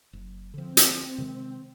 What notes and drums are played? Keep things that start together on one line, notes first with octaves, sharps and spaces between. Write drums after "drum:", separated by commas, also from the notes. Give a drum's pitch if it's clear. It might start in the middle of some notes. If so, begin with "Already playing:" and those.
F#1
D3 F3 C4
drum: hi-hat
C3 D#3 G#3